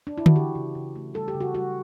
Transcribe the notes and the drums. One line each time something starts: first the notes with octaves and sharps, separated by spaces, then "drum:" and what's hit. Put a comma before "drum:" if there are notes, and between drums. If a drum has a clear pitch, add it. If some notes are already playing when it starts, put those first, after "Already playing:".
D4
E4
F#4, drum: tom D3
E3 G4
C#3
C#3
A3
G3 A4
G4
C#3
F#4
G3 F#4